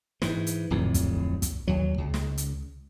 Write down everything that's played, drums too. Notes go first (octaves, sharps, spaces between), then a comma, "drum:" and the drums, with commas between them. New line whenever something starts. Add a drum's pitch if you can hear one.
G#2 E3, drum: snare
drum: hi-hat
D1 F2 A2
drum: kick, hi-hat
drum: kick, hi-hat
D#2 F#3
C#2
drum: snare
drum: hi-hat